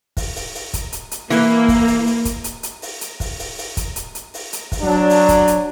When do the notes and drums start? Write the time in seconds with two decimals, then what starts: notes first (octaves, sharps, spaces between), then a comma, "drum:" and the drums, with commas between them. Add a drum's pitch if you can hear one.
0.17 drum: kick, open hi-hat
0.36 drum: open hi-hat
0.55 drum: open hi-hat
0.74 drum: kick, hi-hat
0.92 drum: hi-hat
1.11 drum: hi-hat
1.30 E3 A#3, drum: open hi-hat
1.68 drum: kick, open hi-hat
1.87 drum: open hi-hat
2.06 drum: open hi-hat
2.25 drum: kick, hi-hat
2.44 drum: hi-hat
2.63 drum: hi-hat
2.82 drum: open hi-hat
3.01 drum: hi-hat
3.20 drum: kick, open hi-hat
3.39 drum: open hi-hat
3.58 drum: open hi-hat
3.77 drum: kick, hi-hat
3.96 drum: hi-hat
4.15 drum: hi-hat
4.34 drum: open hi-hat
4.53 drum: hi-hat
4.72 drum: kick, open hi-hat
4.82 F#3 D4
5.10 drum: open hi-hat
5.29 drum: kick, hi-hat
5.48 drum: hi-hat